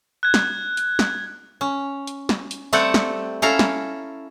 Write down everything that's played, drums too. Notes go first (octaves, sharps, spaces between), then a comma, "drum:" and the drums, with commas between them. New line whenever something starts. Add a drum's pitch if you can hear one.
F#6 G#6
drum: snare
drum: hi-hat
drum: snare
C#4
drum: hi-hat
drum: snare
drum: hi-hat
G3 A3 C4 A4 F#5
drum: snare
C#4 E4 A4 F5 A#5
drum: snare